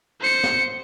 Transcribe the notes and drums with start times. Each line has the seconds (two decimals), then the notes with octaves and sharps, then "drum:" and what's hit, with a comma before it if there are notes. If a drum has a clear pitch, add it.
0.21 C5 C#7
0.44 drum: snare